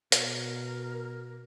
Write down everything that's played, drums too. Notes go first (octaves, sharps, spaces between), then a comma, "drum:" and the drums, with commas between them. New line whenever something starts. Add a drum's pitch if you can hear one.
B2 A#4, drum: hi-hat